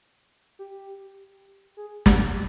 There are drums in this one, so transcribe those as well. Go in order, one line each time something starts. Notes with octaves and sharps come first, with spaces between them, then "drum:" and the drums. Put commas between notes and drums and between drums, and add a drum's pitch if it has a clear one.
G4
G#4
G4, drum: snare